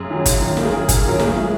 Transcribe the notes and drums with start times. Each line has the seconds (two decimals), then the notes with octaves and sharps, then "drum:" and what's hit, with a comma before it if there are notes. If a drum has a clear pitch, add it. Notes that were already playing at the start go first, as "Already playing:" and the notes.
Already playing: F#2 G#4
0.10 D#3 F#3
0.26 F#2, drum: kick, hi-hat
0.41 D#3 F#3
0.57 F#2 A#4, drum: snare
0.65 G#4
0.72 D#3 F#3 A#4
0.89 F#2, drum: kick, hi-hat
1.05 D#3 F#3 A#4
1.19 B1 G#4, drum: snare
1.35 B2 G#3 E4